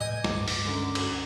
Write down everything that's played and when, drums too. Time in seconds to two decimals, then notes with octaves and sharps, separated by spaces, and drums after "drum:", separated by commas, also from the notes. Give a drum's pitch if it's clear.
0.01 A2 C3 B4 D#5 G5 G#5
0.24 C#2 G2 G#3 D6, drum: snare
0.48 drum: open hi-hat
0.65 F#2 D3 E4
0.95 drum: cymbal